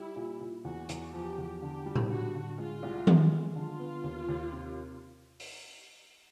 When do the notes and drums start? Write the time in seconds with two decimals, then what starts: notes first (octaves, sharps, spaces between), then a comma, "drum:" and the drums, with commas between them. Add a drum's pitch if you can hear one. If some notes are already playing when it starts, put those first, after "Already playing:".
Already playing: G3 E4
0.16 A#2
0.41 A#2
0.65 E2 F#4
0.89 E2, drum: hi-hat
1.13 F3 G4
1.38 E2
1.62 D3 G4
1.86 G3
1.95 drum: tom A2
2.10 D3 F#4
2.35 D3
2.58 G#3 F4
2.83 C2
3.07 G#3, drum: tom D#3
3.31 G#3
3.55 D3 F4
3.79 B3
4.04 D#2
4.28 D#2
4.52 C3
5.40 drum: open hi-hat